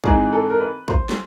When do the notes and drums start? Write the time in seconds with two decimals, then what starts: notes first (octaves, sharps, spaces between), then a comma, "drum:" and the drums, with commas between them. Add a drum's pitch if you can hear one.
0.04 G#2 E3 G#3 C4 D#4 G#4, drum: kick
0.33 A4
0.49 A#4
0.60 B4
0.88 C5, drum: kick
1.09 drum: snare